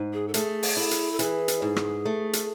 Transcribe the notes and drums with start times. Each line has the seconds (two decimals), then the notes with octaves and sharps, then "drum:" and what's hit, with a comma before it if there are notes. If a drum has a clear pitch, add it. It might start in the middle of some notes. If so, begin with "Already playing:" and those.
Already playing: G#2
0.13 G#4
0.28 A4
0.34 A3 G#4, drum: hi-hat
0.63 drum: open hi-hat
0.77 E4
0.91 drum: hi-hat
1.12 A4
1.19 E3 G#4, drum: hi-hat
1.48 drum: hi-hat
1.62 G#2
1.76 drum: rim click
2.06 A3
2.33 drum: hi-hat